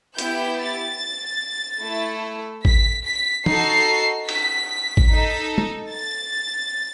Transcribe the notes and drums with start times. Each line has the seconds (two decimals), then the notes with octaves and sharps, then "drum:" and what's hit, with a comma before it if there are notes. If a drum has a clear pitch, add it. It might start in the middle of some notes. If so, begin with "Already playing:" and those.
0.18 B3 E4 G4 G6, drum: hi-hat
0.59 A6
1.83 A3 E4 A4
2.65 B6, drum: kick G#1
3.06 B6
3.46 D#4 F#4 A4 C7, drum: tom
4.29 B6, drum: cymbal
4.97 drum: kick G#1
5.10 D#4 A4
5.58 drum: tom
5.93 A6